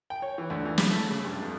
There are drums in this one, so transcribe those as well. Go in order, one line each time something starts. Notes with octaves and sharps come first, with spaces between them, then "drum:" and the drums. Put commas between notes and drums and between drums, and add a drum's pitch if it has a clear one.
G5
C#5
E3
D2
E3
C#3, drum: snare
A3
C#3
G2
F2